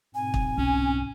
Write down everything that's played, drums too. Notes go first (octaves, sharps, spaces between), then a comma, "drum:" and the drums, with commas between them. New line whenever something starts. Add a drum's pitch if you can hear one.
G#2 B2 C4 G#5
drum: kick
C2 C#4